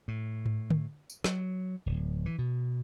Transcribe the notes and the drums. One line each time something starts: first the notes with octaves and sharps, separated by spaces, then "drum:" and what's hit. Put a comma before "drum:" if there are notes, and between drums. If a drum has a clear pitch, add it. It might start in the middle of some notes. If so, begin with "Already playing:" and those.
A2
drum: tom G#2
drum: tom D3
drum: tambourine
F#3, drum: snare
D1
E3
B2